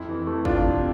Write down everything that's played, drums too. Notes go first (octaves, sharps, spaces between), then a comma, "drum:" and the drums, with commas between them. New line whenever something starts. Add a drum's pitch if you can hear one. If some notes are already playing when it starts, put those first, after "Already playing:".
Already playing: F2 E4
E3
A3
F2 D4 F4, drum: kick G1
C3